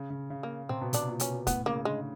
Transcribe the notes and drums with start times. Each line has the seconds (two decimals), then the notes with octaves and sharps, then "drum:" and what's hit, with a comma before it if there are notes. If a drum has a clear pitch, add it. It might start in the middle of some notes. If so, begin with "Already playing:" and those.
Already playing: C#3
0.10 C#3
0.30 C#3
0.43 A#3
0.69 C3 C4
0.81 B2
0.93 C3 D4, drum: hi-hat
1.09 A#2
1.20 B2 C#4, drum: hi-hat
1.32 A#2
1.47 A2 B3, drum: kick, hi-hat
1.66 C#3 A#3
1.85 D3 G#3